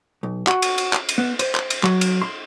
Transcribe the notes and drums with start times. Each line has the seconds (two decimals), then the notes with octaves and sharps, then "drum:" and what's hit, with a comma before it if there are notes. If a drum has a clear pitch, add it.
0.23 B1
0.47 F#4, drum: clap
0.62 drum: cymbal
0.78 drum: cymbal
0.93 drum: clap
1.09 drum: cymbal
1.18 B3
1.39 C5, drum: cymbal
1.55 drum: clap
1.70 drum: cymbal
1.83 F#3, drum: clap
2.01 drum: cymbal
2.22 C6